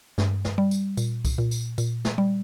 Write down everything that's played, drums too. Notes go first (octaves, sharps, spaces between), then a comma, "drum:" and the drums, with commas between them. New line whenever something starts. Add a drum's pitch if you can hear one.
G2, drum: snare
drum: snare
G3
drum: tambourine
A#2, drum: tambourine
drum: kick C2, tambourine
A#2
drum: tambourine
A#2, drum: tambourine
drum: snare
G3